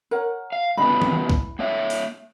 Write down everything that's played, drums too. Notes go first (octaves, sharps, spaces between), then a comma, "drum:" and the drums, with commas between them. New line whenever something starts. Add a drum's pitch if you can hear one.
A#4 C#5 F#5
F5
G2 C#3 B3 E4 D#5 B5
drum: tom E3
drum: kick
A#3 C#5 E5
drum: open hi-hat